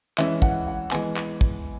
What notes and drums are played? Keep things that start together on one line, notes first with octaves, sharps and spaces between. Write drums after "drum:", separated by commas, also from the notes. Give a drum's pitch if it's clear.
E3 G#3 C#4 E5, drum: clap
F#5, drum: kick
F#5
E3 G#3 B3 G#5, drum: clap
drum: clap
drum: kick